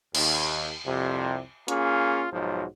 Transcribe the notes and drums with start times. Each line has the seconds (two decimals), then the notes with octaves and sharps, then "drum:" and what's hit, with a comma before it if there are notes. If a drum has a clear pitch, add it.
0.15 D#2, drum: cymbal
0.86 C2 F2 C3
1.68 A#3 C#4 F4 G#4, drum: hi-hat
2.32 B1 G#2 F3 F#3